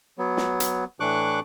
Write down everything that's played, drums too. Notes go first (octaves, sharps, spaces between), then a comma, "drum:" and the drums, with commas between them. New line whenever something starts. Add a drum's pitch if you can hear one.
F#3 B3
drum: snare
drum: hi-hat
A2 E3 D4 C#6 D6 F#6